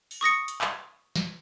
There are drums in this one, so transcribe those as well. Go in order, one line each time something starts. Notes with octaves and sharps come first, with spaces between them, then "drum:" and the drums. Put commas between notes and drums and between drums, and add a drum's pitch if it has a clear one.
drum: open hi-hat
C#6 D#6 A#6 C#7
drum: hi-hat
drum: clap
drum: snare